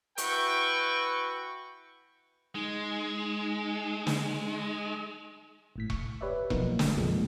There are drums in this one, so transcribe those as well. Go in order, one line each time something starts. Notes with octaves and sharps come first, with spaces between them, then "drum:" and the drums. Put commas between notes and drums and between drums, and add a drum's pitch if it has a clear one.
E4 F#4 B4 G5 C#6, drum: hi-hat
G#3 D#4
drum: snare
G#1 A2 B6
C#6, drum: kick E1
G4 B4 C#5 D5 E5
B2 F3 F#3 A#3 B3 D#4, drum: kick E1
A3, drum: snare
B1 F#2 C3 F3 G#3 A#3